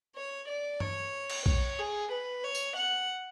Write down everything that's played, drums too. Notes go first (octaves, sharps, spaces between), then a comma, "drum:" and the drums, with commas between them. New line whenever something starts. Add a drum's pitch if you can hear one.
C#5
D5
C#5, drum: tom G2
drum: cymbal
C#5, drum: kick
G#4
B4
C#5
drum: tambourine
F#5